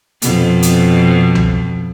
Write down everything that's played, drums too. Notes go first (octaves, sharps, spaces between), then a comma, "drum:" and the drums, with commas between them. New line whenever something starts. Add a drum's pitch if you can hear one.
F2 B2, drum: hi-hat
drum: hi-hat
drum: tom C2